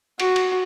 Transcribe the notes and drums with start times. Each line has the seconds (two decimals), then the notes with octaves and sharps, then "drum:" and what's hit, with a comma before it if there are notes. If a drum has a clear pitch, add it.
0.20 F#4, drum: cymbal
0.36 drum: cymbal